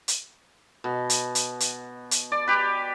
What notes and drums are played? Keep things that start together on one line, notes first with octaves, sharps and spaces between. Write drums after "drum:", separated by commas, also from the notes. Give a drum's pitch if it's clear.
drum: hi-hat
B2
drum: hi-hat
drum: hi-hat
drum: hi-hat
drum: hi-hat
D5
G4 B4